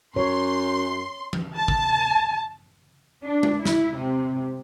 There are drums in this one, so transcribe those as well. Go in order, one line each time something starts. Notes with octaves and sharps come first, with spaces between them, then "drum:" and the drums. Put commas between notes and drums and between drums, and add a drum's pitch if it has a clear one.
F#2 C#5 C6
drum: tom E3
A5
drum: kick
D4
drum: tom G#3
E4, drum: snare
C3